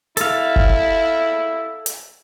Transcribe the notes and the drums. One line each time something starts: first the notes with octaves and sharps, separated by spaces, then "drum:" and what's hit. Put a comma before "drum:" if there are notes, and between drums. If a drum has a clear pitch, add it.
E4 A4 F5, drum: hi-hat
drum: kick
drum: hi-hat